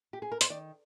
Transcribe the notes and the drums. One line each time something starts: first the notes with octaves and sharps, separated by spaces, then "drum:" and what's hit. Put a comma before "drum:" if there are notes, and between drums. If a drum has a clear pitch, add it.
G4
G#4
A#4
C5, drum: hi-hat
D#3 D5